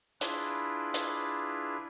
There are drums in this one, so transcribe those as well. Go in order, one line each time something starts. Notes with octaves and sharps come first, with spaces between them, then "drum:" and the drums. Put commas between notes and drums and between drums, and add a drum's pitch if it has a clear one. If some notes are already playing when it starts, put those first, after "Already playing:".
D4 E4 F4 G#4 B4, drum: hi-hat
drum: hi-hat